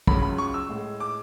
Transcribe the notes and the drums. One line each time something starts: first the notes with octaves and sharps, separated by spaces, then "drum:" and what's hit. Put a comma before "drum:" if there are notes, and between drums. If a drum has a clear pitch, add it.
C#2 C#3 F#3 B5, drum: kick
B5
C#6
E6
A2 G#3
D6